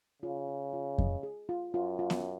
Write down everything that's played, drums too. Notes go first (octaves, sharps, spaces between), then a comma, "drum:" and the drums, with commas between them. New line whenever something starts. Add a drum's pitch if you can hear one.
C#3 F4
F4
F4
D#5, drum: kick F2
G#4
F4
F#2 F4
F4
drum: snare B3